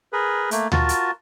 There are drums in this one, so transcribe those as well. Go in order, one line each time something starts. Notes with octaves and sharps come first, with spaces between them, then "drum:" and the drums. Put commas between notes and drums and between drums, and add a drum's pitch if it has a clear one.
G#4 A#4 B4
A3 A#3, drum: hi-hat
F4 F#4 A#4 A5, drum: tom D2
drum: hi-hat